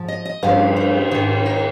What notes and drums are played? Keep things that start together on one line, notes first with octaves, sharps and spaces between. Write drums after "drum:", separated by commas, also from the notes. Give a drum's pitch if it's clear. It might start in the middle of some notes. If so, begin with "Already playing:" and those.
Already playing: G#2 F3
D#5
D#5
G2 F3 F5, drum: cymbal
C5
G#2 D#3
A#4